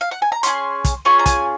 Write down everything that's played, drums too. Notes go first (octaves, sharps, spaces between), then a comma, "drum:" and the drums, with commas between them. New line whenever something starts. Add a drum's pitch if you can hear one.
F5
F#5
G#5
A#5
C#4 F4 G#4 C6, drum: hi-hat
drum: kick, hi-hat
C#4 F4 G#4 C#6
A#5
G#5, drum: kick, hi-hat